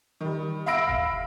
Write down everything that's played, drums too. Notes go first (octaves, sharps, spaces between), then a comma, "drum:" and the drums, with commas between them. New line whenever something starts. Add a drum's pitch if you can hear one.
D#3 G3
E5 F5 B5 E6 A#6 D7
drum: kick F1